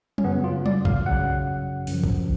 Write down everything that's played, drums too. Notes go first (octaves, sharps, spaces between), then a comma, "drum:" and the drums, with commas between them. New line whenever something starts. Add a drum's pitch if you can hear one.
C#4, drum: tom F#3
F#2 C#3 F#3 B3
F4
D5, drum: tom F#3
F5, drum: kick
F#2 C#3 F#3 F#5
F#2 F3, drum: open hi-hat
drum: kick